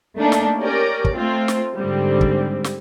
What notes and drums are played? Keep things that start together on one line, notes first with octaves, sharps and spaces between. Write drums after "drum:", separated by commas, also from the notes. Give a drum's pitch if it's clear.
A3 A#3 D4 D#4
drum: snare
C#4 G4 A#4 D5
drum: kick
A3 C4 F4
drum: snare
G#2 D3 G3 C4
drum: kick
drum: snare